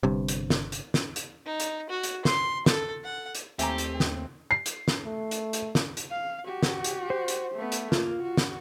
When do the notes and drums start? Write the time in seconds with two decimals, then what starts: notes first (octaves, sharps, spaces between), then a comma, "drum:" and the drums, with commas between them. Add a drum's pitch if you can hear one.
0.03 G1 G2 C3
0.29 drum: hi-hat
0.50 drum: snare
0.72 drum: hi-hat
0.94 drum: snare
1.16 drum: hi-hat
1.45 D#4
1.60 drum: hi-hat
1.89 F#4
2.03 drum: hi-hat
2.25 C6, drum: snare
2.66 A4, drum: snare
3.04 F#5
3.35 drum: hi-hat
3.59 D#2 A3 C4 G4 E5 G#5 A#5, drum: hi-hat
3.78 drum: hi-hat
4.00 drum: snare
4.51 C7
4.66 drum: hi-hat
4.88 drum: snare
5.06 A3
5.31 drum: hi-hat
5.53 drum: hi-hat
5.75 drum: snare
5.97 drum: hi-hat
6.10 F5
6.45 F#4 G4
6.63 drum: snare
6.84 drum: hi-hat
7.10 C5
7.28 drum: hi-hat
7.55 A3 B3
7.72 drum: hi-hat
7.92 A#3 F4, drum: snare
8.23 F#4
8.37 drum: snare